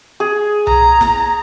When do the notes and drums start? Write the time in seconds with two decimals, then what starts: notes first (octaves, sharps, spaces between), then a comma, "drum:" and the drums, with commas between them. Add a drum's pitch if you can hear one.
0.20 G#4
0.67 A#5, drum: tom B1
1.01 drum: snare